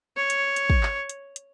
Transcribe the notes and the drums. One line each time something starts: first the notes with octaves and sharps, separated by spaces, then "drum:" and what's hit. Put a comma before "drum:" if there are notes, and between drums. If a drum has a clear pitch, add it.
C#5
drum: hi-hat
drum: hi-hat
drum: kick
drum: clap
drum: hi-hat
drum: hi-hat